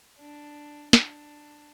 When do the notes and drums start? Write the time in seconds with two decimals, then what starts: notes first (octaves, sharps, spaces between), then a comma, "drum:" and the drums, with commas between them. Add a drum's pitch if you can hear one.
0.19 D4
0.93 D4, drum: snare